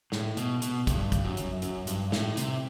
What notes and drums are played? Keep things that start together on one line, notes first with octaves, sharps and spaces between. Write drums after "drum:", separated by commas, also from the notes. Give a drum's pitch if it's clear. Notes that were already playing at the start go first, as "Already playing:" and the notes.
A2, drum: snare
B2, drum: hi-hat
B2, drum: hi-hat
G2, drum: kick, hi-hat
drum: kick, hi-hat
F#2
drum: hi-hat
F#2, drum: hi-hat
G2, drum: hi-hat
A2, drum: snare
C3, drum: hi-hat